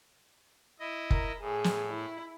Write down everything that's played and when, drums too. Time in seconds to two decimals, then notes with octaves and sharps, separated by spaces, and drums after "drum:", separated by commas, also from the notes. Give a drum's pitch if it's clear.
0.80 E4 D#5
1.10 A#4, drum: kick
1.40 A2 G#4
1.64 drum: snare
1.90 E4